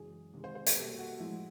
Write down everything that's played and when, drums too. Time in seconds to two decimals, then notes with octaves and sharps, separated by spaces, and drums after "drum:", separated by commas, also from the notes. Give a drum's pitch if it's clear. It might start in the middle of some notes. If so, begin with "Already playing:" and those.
Already playing: F#2 C#3 E3 G#3 G#4
0.33 C3 D#3 G#3
0.44 C5
0.55 C5
0.66 B4, drum: hi-hat
0.76 B2 G3 A#3 A4
0.99 F#4
1.20 A2 F3 G#3 E4